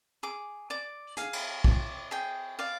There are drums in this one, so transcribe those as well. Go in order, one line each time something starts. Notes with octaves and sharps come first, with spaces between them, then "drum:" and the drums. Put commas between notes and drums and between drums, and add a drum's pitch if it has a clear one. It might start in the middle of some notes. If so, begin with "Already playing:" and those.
G#4 D6
D5 D6
G#4 F5, drum: hi-hat
drum: cymbal
D5, drum: kick
G#4 G5
D5 F5